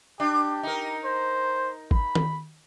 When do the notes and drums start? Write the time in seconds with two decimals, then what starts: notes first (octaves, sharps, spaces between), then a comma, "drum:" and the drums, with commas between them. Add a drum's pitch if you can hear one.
0.20 D4 G4
0.63 D#4 A#4
1.04 C5
1.91 B5, drum: kick G#1
2.15 drum: tom D#3